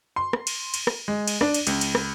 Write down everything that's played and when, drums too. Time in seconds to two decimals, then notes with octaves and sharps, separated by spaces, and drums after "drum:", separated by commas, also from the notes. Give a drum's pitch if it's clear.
0.16 C6
0.33 drum: rim click
0.47 drum: cymbal
0.74 drum: cymbal
0.87 drum: rim click
1.08 G#3
1.28 drum: cymbal
1.41 D4, drum: rim click
1.54 drum: cymbal
1.67 C#2, drum: cymbal
1.81 drum: cymbal
1.95 drum: rim click